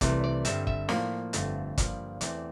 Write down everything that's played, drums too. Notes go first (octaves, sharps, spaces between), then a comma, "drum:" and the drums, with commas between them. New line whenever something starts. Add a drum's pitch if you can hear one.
C2 C3 E3 A3 D5, drum: kick G1, hi-hat
D5
G2 D3 G3 C4 E5, drum: hi-hat
E5, drum: kick G1
A2 F3 A#3 D5, drum: snare
G1 F2 D3 A3 C4, drum: hi-hat
G1 G2 F3 A#3 D5, drum: kick G1, hi-hat
E2 E3 A3 C4 D5, drum: hi-hat